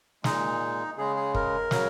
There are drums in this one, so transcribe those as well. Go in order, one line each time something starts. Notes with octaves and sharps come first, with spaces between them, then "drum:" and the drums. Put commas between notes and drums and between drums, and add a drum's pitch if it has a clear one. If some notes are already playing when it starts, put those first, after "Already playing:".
A#2 G#3 D#4, drum: snare
C#3 G#3 G#4
G#4
A#4, drum: kick
C#3 F#3, drum: snare